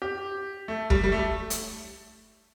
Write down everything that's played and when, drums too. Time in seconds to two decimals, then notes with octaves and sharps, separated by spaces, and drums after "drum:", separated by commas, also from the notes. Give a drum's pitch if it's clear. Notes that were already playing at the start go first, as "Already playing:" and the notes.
0.02 G4
0.68 A3
0.90 G3, drum: kick
1.04 G3
1.12 A3
1.50 drum: hi-hat